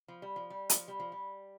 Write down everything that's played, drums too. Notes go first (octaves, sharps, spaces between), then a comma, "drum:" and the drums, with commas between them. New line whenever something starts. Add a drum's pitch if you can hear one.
F3
G3
F3
G3
F3, drum: hi-hat
G3
F3
G3